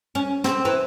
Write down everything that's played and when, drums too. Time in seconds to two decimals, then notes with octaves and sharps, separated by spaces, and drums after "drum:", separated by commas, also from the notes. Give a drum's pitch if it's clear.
0.15 C#4
0.44 C4, drum: snare
0.65 E3